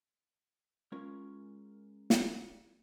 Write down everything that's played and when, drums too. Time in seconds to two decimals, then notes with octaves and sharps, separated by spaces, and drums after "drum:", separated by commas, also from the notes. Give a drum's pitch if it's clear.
0.92 G#3 C#4 F4 A#4 C#5
2.10 drum: snare